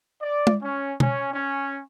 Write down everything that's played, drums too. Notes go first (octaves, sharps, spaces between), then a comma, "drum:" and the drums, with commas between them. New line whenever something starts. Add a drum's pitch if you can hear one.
D5
drum: tom
C#4
C#4, drum: tom B2
C#4